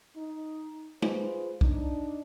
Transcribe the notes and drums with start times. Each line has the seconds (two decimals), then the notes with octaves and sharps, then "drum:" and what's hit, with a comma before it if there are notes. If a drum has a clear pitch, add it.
0.16 D#4
1.02 F4 G#4 B4 C5, drum: tom
1.61 D4 D#4, drum: kick